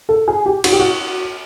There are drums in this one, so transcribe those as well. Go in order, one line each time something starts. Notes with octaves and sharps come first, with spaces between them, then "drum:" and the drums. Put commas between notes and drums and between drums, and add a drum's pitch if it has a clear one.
A4
G#4
G4
F#4, drum: cymbal
G4
F#4